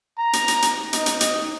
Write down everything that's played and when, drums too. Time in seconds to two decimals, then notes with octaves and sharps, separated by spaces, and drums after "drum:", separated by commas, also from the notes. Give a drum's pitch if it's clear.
0.19 A#5
0.33 drum: hi-hat
0.48 drum: hi-hat
0.62 drum: hi-hat
0.93 D#4, drum: hi-hat
1.06 drum: hi-hat
1.21 drum: hi-hat